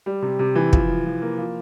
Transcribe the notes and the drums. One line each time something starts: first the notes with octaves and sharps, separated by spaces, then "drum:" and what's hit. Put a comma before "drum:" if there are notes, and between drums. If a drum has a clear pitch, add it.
G3
C3
C3
E3
F3, drum: kick
F3
F3
A#3
F3